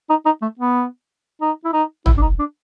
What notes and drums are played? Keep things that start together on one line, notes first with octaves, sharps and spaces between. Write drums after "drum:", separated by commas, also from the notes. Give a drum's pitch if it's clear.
D#4
D#4
A3
B3
D#4
E4
D#4
E4, drum: tom
D4
D#4
D4